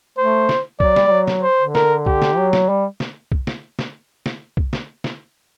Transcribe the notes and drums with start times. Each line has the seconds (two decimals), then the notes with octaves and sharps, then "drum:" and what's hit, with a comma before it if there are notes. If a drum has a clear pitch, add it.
0.18 A3 C5
0.49 drum: snare
0.80 F#3 D5, drum: kick B1
0.96 G3, drum: snare
1.07 G3
1.12 F#3
1.28 drum: snare
1.43 C5
1.59 D3
1.75 A#4, drum: snare
2.06 G4, drum: kick B1
2.22 drum: snare
2.37 F#3
2.53 drum: snare
2.69 G3
3.00 drum: snare
3.32 drum: kick B1
3.47 drum: snare
3.79 drum: snare
4.26 drum: snare
4.57 drum: kick B1
4.73 drum: snare
5.04 drum: snare